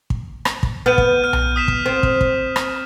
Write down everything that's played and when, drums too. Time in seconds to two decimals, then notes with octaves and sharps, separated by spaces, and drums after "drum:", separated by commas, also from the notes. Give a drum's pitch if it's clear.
0.10 drum: kick
0.45 drum: rim click
0.63 drum: kick
0.86 B3 F6 G6 D#7
0.98 drum: kick
1.24 F6 D#7
1.33 drum: tom B1
1.56 D#6 B6 E7
1.68 drum: kick
1.86 C4
2.03 drum: kick
2.21 drum: kick
2.56 drum: rim click